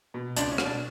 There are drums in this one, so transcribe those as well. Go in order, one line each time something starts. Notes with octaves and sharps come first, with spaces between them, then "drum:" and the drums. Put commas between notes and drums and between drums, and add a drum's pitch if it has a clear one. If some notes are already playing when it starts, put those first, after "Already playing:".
B2
C#2 D4, drum: hi-hat
C#4
B2, drum: rim click
D4